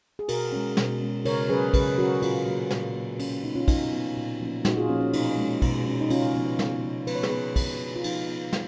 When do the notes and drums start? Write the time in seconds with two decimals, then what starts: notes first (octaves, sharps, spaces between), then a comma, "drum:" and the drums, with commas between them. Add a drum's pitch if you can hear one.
0.19 G#4
0.28 B2 F#4 A#4, drum: cymbal
0.52 G#3 C#4
0.77 B2, drum: snare
1.01 G#3 C#4
1.25 C#3 A#4 C#5, drum: cymbal
1.49 F#3 C#4 G#4 B4
1.74 C#3 G#4 B4, drum: kick, cymbal
1.98 F#3 C#4 F#4 A#4
2.14 A#4
2.22 A#2 F4 G#4, drum: cymbal
2.47 F#3 A#3
2.71 A#2, drum: snare
2.95 F#3 A#3
3.19 B2 C#4, drum: cymbal
3.32 C#4
3.44 F#3 B3 D#4
3.55 C#4 F4
3.68 B2 D#4, drum: kick, cymbal
3.92 F#3 B3
4.17 A#2
4.40 F3 A#3 C#4
4.65 A#2 D#4 F#4, drum: snare
4.77 F4 G#4
4.89 F3 A#3 C#4
5.01 C#4
5.13 B2 D#4, drum: cymbal
5.37 G#3 C#4
5.62 B2, drum: kick, cymbal
5.86 G#3 C#4
6.01 D#4
6.10 C#3 C#4 F4, drum: cymbal
6.35 F3 B3
6.59 C#3, drum: snare
6.83 F3 B3
7.07 F3 B4, drum: cymbal
7.15 C#5
7.23 G#4 B4, drum: snare
7.31 B3
7.56 F3, drum: kick, cymbal
7.80 B3
7.96 F4
8.04 F3 D#4, drum: cymbal
8.28 B3
8.53 F3, drum: snare